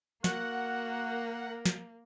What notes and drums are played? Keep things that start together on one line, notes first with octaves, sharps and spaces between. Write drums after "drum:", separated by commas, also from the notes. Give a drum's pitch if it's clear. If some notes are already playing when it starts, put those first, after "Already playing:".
A#3 F#4 A#4 F#5, drum: snare
drum: snare